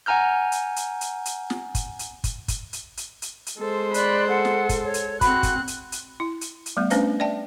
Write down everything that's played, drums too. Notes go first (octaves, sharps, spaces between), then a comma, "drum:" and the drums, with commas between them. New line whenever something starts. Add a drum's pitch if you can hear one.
F#5 G#5 A#5 F6 G6
drum: hi-hat
drum: hi-hat
drum: hi-hat
drum: hi-hat
drum: snare
drum: kick, hi-hat
drum: hi-hat
drum: kick, hi-hat
drum: kick, hi-hat
drum: hi-hat
drum: hi-hat
drum: hi-hat
drum: hi-hat
G#3 A4 C5
D5 B5 F#6, drum: hi-hat
A4 F#5
drum: snare
drum: kick, hi-hat
C#5
drum: hi-hat
C4 F#4 B5 F#6, drum: kick, hi-hat
drum: kick, hi-hat
drum: hi-hat
drum: hi-hat
E4
drum: hi-hat
drum: hi-hat
G3 A3 B3
A3 C#4 D4 B4 C5 F5, drum: hi-hat
D5 E5 G5 A5